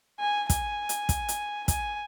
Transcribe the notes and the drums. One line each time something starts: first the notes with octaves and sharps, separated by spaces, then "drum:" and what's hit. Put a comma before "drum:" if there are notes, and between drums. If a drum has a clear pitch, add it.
G#5
G#5, drum: kick, hi-hat
drum: hi-hat
drum: kick, hi-hat
drum: hi-hat
G#5, drum: kick, hi-hat